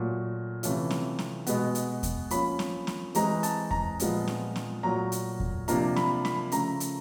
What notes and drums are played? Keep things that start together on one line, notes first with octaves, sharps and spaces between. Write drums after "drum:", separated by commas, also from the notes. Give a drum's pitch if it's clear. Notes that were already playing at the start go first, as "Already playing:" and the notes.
Already playing: A#2 F#3 A3
C3 E3 A3 C#4 F4, drum: hi-hat
drum: snare C4
drum: snare C4
B2 G#3 B3, drum: hi-hat
drum: hi-hat
drum: kick E2, hi-hat
F3 A#3 C#4 F4 B5, drum: hi-hat
drum: snare C4
drum: snare C4
E3 G#3 C4 A#5, drum: hi-hat
A5, drum: hi-hat
A#5, drum: kick E2
A#2 F3 G#3 B3, drum: hi-hat
drum: snare C4
drum: snare C4
A#2 F#3 A3 A#5
drum: hi-hat
drum: kick E2
C3 F3 A#3 D4 F4 A#5, drum: hi-hat
B5, drum: snare C4
B5, drum: snare C4
C#3 F3 A3 A#5, drum: hi-hat
drum: hi-hat